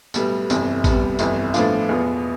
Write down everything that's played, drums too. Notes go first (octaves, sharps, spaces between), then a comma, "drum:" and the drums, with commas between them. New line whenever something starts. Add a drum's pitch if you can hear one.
B1 A2 G3 B3, drum: tambourine
G1 F2 C3 E3, drum: tambourine
C2 C3 G3 B3, drum: kick A1, tambourine
G1 F2 E3, drum: tambourine
A2 F3 B3 D4 F4, drum: tambourine
E2 B2 B3 F4